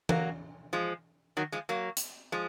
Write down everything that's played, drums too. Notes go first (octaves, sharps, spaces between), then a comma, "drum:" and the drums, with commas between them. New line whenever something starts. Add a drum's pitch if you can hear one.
F#3 A#3, drum: tom E3
F3 G#3
D#3 F#3
F3 G#3
F#3 A#3
drum: hi-hat
F3 G#3